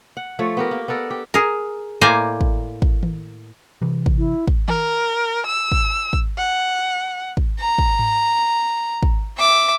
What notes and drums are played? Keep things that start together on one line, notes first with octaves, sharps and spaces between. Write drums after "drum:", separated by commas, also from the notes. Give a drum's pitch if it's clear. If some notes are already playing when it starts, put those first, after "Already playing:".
F#5
F3 A3 C#5
B3 G4 A#4
A#3
B3 D4 A4 A#4
G4
G#4 A#4
A2 A#3 C5 D5 G#5 A#5
drum: kick
drum: kick
drum: tom D#3
C3 E3
drum: kick
E4
drum: kick
A#4, drum: tom D#3
E6
drum: kick
drum: kick
F#5
drum: kick
A#5
drum: kick
drum: tom G#2
drum: kick
E5 D6